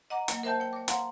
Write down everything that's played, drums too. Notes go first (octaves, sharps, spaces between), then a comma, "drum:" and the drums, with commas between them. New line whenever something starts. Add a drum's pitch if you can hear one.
D#5 F#5 A#5 D6
F#3 A#3, drum: hi-hat
A#4 C5 E5 G5 A5 G6
C#5 G5
C#5 D6
C#5 F5 F#5 A#5 C6, drum: hi-hat